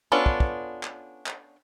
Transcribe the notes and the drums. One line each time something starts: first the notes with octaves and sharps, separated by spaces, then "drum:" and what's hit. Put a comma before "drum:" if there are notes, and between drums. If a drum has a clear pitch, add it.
B3 C#4 D4 F4 A4
drum: kick
drum: kick
drum: clap
drum: clap